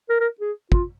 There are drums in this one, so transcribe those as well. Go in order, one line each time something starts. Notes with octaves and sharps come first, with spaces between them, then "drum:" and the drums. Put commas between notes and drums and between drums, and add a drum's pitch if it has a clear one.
A#4
A#4
G#4
F4, drum: kick